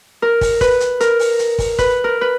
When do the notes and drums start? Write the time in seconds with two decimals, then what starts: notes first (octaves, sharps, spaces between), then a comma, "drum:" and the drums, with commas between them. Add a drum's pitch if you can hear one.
0.22 A#4
0.41 drum: kick, open hi-hat
0.61 B4, drum: kick, hi-hat
0.80 drum: hi-hat
1.00 A#4, drum: hi-hat
1.19 drum: open hi-hat
1.39 drum: hi-hat
1.59 drum: kick, open hi-hat
1.79 B4, drum: kick, hi-hat
2.04 A#4
2.21 B4